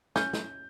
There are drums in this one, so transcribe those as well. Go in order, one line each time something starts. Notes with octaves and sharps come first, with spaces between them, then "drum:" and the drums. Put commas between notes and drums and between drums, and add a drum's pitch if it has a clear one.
C#4 G6, drum: snare
drum: snare